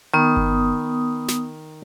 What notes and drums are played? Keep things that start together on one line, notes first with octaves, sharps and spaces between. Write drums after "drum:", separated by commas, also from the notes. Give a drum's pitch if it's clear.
D#3 B3 D#6
drum: kick G1
drum: snare